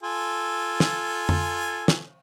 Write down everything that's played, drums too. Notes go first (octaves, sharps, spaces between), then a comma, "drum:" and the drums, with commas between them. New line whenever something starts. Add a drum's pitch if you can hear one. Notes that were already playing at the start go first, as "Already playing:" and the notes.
F4 A4 G#5
drum: snare
drum: tom F2
drum: snare